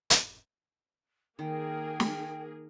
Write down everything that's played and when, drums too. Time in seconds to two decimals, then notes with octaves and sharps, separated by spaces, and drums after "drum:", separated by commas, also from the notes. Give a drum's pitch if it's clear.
0.10 drum: hi-hat
1.39 D#3 A#3 G#4 A#4 G5
2.00 drum: snare